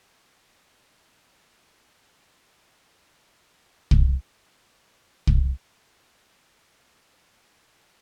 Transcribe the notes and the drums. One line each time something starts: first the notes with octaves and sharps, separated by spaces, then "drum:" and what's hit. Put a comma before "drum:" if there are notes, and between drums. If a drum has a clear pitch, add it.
B3
F3
A#2
C#3
F2
A3
E4 A4
F#3 C#4 D#4 F#4 D#5
B3 A4 A#4 D#5 D6
C#4 E4
G#2 G3
A3 D4 G#4 F5 G5 F#6
C#5
drum: kick
G#3
A3 G4 A#4 F5
drum: kick
G1 F3 G3 G#3 A#3 A5
G#2 C#3 E3 C#4 D#5 G5
D5